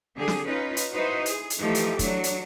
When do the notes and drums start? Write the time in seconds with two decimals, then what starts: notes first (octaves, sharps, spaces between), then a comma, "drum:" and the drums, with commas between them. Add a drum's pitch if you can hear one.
0.16 D3 G4 G#4
0.28 drum: snare
0.47 C#4 D#4 F4 B4
0.77 drum: hi-hat
0.93 D#4 E4 F#4 B4 C5 D#5
1.26 G#4, drum: hi-hat
1.50 drum: hi-hat
1.61 E3 F3 A3 D#4 G4
1.75 drum: hi-hat
1.99 F#3 D4, drum: kick, hi-hat
2.24 drum: hi-hat